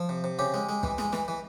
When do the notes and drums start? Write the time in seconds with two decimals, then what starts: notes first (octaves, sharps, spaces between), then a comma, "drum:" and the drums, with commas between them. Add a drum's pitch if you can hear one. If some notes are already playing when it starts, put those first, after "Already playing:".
Already playing: F3
0.09 C3
0.24 C3
0.39 C#3 G4
0.54 G#3
0.69 G#3
0.83 E3, drum: kick
0.98 G#3, drum: snare
1.13 E3, drum: snare
1.28 E3